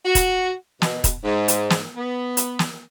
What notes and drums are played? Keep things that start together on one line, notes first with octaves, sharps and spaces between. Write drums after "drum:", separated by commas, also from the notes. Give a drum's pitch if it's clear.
F#4
drum: kick, hi-hat
B2, drum: snare
drum: kick, hi-hat
G#2
drum: hi-hat
drum: snare
B3
drum: hi-hat
drum: snare